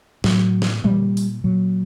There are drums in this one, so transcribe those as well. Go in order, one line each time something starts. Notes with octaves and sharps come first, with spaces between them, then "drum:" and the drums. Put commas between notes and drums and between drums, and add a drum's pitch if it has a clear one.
A2 F#3, drum: snare
drum: snare
A#2 G3, drum: tom
drum: open hi-hat
A#2 F#3